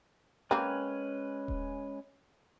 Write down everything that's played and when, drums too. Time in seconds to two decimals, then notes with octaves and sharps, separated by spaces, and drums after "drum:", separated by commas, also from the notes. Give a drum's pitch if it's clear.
0.51 G#3 A#3 C4 C#4 B4
1.48 drum: kick D#1